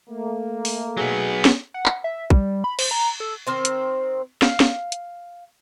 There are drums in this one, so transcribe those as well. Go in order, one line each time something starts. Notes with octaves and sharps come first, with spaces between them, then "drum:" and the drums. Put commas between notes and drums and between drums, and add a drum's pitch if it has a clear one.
A3 A#3
drum: open hi-hat
F#3 B3 G#4
drum: snare
F#5
drum: clap
E5
G3, drum: kick
B5
C5, drum: cymbal
A#5
A4
D#3 C4 C5
drum: hi-hat
F5, drum: snare
drum: snare
drum: hi-hat